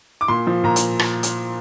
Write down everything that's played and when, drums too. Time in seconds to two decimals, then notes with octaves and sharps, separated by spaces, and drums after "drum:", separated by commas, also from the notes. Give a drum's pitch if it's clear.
0.21 D6
0.28 A#2 C6
0.47 F3
0.64 A#2 A#5
0.76 drum: hi-hat
0.99 drum: rim click
1.23 drum: hi-hat